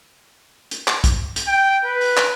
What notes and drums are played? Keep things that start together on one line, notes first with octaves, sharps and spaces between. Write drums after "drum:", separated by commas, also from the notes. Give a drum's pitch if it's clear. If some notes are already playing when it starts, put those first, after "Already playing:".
drum: hi-hat
drum: clap
drum: kick, hi-hat
drum: hi-hat
G5
B4
drum: open hi-hat
drum: clap